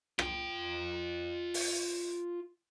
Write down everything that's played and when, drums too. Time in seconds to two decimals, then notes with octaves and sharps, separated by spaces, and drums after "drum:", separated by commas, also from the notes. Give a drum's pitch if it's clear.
0.19 F4 G5, drum: rim click
1.54 drum: open hi-hat